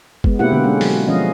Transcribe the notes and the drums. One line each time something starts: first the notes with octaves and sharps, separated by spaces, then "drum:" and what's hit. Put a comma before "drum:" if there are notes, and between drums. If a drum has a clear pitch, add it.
G#3 B3, drum: kick
B2 A#3 C4 E4 G4 F#5
D3 A#3 B3
G#3 C#4
F#3, drum: open hi-hat
F3 G#3 C#4 D#5 F5